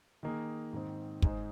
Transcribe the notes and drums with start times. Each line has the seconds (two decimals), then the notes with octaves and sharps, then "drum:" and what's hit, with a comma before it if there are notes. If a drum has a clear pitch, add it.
0.23 D#3 A#3 G#4
0.73 G#2 D#3 C4
1.22 G#2 G#3 D#4 G#4 C5, drum: kick